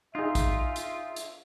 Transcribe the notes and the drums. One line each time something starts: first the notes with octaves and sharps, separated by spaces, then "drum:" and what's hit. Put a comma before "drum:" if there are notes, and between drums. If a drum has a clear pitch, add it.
D#4 F4 G#4 E5
drum: kick, hi-hat
drum: hi-hat
drum: hi-hat